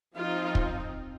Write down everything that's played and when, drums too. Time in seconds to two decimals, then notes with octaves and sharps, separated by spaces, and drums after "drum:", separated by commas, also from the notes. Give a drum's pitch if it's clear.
0.17 F3 C4 D#4 F4
0.55 drum: kick